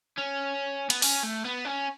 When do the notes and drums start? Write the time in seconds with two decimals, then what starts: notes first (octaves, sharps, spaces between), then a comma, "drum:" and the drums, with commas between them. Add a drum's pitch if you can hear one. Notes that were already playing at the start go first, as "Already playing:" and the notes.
0.18 C#4
0.90 B3, drum: cymbal
1.02 C#4, drum: open hi-hat
1.23 A3
1.45 B3
1.65 C#4